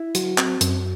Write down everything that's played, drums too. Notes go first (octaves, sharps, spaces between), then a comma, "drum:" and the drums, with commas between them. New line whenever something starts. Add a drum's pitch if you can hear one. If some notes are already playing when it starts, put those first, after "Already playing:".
Already playing: E4
F#3 F#4, drum: hi-hat
C4, drum: clap
F#2, drum: hi-hat